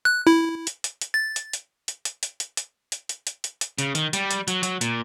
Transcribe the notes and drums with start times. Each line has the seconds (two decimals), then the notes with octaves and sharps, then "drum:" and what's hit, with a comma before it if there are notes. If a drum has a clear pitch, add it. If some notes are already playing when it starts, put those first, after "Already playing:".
0.05 F#6
0.27 E4
0.67 drum: hi-hat
0.84 drum: hi-hat
1.01 drum: hi-hat
1.14 A6
1.36 drum: hi-hat
1.53 drum: hi-hat
1.88 drum: hi-hat
2.05 drum: hi-hat
2.23 drum: hi-hat
2.40 drum: hi-hat
2.57 drum: hi-hat
2.92 drum: hi-hat
3.09 drum: hi-hat
3.27 drum: hi-hat
3.44 drum: hi-hat
3.61 drum: hi-hat
3.78 C#3, drum: hi-hat
3.95 D#3, drum: hi-hat
4.13 G3, drum: hi-hat
4.31 drum: hi-hat
4.48 F#3, drum: hi-hat
4.63 F#3, drum: hi-hat
4.81 A#2, drum: hi-hat